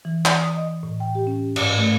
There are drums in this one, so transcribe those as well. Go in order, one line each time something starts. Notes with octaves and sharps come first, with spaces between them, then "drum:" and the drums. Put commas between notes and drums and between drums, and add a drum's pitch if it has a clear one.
E3
D5, drum: clap
D#6
D#5
A2
G5
G4
C#4
G#2, drum: cymbal
A3